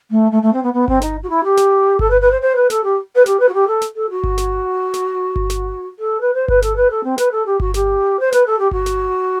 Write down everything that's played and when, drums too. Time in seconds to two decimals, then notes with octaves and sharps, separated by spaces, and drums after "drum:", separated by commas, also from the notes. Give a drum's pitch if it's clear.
0.10 A3
0.31 A3
0.42 A3
0.53 C4
0.63 B3
0.73 B3
0.88 C4, drum: kick G1
1.01 D#4, drum: snare
1.23 F#4
1.29 E4
1.44 G4
1.57 drum: snare
1.99 A4, drum: kick G1
2.10 B4
2.21 B4
2.31 C5
2.41 C5
2.55 B4
2.70 A4, drum: snare
2.83 G4
3.15 B4
3.26 G4, drum: snare
3.39 B4
3.48 F#4
3.54 G4
3.67 A4
3.82 drum: snare
3.95 A4
4.10 F#4
4.24 drum: kick G1
4.38 drum: snare
4.94 drum: snare
5.36 drum: kick G1
5.50 drum: snare
5.99 A4
6.20 B4
6.34 C5
6.48 B4, drum: kick G1
6.62 A4, drum: snare
6.76 B4
6.90 A4
7.04 C4
7.18 B4, drum: snare
7.31 A4
7.46 G4
7.60 F#4, drum: kick G1
7.74 G4, drum: snare
8.19 C5
8.32 B4, drum: snare
8.46 A4
8.59 G4
8.71 F#4, drum: kick G1
8.86 drum: snare